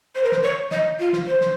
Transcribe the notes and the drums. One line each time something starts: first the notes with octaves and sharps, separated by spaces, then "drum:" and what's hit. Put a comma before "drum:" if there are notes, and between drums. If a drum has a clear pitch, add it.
C5
A#4
C5, drum: snare
C#5
D#5, drum: snare
F4
drum: snare
C5
drum: snare